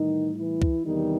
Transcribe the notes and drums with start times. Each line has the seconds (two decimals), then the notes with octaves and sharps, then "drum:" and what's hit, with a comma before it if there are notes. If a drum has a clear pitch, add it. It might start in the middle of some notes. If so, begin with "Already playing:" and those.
Already playing: A2 D#3 E3 G3 D#4
0.37 E3 E4
0.62 drum: kick C2
0.86 E2 C3 D#3 E3 G3 D#4